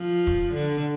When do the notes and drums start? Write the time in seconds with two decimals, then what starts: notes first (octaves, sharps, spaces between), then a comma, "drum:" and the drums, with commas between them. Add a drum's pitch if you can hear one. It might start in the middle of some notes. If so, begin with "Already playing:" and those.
Already playing: F3
0.27 drum: kick
0.53 D3